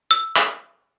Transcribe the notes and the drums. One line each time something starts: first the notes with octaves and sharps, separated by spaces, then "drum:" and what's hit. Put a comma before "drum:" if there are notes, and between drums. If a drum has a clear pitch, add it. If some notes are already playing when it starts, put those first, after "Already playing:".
E6
drum: clap